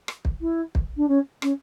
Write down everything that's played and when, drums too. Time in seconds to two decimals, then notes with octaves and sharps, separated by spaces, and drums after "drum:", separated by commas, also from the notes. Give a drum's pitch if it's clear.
0.08 drum: rim click
0.25 drum: kick
0.41 E4
0.75 drum: kick
0.97 D4
1.08 C#4
1.42 C#4, drum: rim click